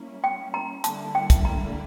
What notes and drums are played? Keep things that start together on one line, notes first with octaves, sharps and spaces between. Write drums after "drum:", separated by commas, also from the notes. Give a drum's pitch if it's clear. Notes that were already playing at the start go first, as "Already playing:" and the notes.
Already playing: G3 A#3 C#4 E4
G5
A#5
D3 G3 A#3 E4 A5, drum: hi-hat
G5
drum: kick, hi-hat
A#5